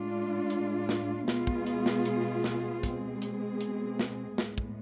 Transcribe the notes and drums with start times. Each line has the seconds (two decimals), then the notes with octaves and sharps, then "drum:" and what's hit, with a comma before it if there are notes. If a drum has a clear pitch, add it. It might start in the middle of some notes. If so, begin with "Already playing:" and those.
Already playing: A2 G#3 D4 F4
0.50 drum: hi-hat
0.89 drum: snare
1.28 B2 G#3 B3 F4 G#4, drum: snare
1.47 drum: kick
1.67 drum: hi-hat
1.86 drum: snare
2.05 drum: hi-hat
2.44 drum: snare
2.83 B2 G#3 C4 G#4, drum: kick, hi-hat
3.22 drum: hi-hat
3.61 drum: hi-hat
3.99 drum: snare
4.38 A2 G#3 B3, drum: snare
4.58 drum: kick